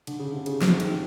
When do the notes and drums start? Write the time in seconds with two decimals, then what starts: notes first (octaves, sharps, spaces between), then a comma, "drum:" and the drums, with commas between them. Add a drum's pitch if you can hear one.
0.07 D3, drum: cymbal
0.19 C#3
0.34 C3
0.46 C#3, drum: cymbal
0.62 drum: snare
0.80 D#3, drum: cymbal